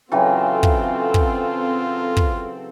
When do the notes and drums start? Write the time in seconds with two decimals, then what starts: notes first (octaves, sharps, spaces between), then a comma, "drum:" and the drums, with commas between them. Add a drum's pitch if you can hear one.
0.12 C#3 E3 F#3 C4 F4 A4 G5
0.63 drum: kick
1.14 drum: kick
2.17 drum: kick